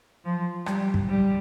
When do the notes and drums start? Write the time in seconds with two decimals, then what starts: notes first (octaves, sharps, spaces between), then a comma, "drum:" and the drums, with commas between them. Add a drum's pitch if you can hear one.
0.24 F3
0.66 G3, drum: rim click
0.94 drum: kick
1.08 G3